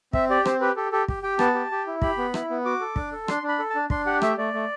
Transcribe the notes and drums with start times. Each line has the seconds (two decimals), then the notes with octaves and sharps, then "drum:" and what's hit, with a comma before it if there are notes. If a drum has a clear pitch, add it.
0.13 C4 E5, drum: kick
0.30 G4 D5
0.45 C4 C5, drum: rim click
0.61 G4 B4
0.76 G4 A4
0.92 G4 A4
1.08 G4, drum: kick
1.23 G4 G5
1.39 B3 A5, drum: rim click
1.55 G4
1.71 G4
1.87 E4
2.02 G4 B5, drum: kick
2.18 B3
2.34 E4, drum: rim click
2.50 B3
2.65 F#4 D6
2.81 A4
2.96 D4, drum: kick
3.12 A4
3.28 D4 C6, drum: rim click
3.43 D4
3.48 B5
3.59 A4
3.70 A5
3.75 D4
3.90 D4 C6, drum: kick
4.06 G4 F#5
4.22 A3 E5, drum: rim click
4.37 A3 D5
4.54 A3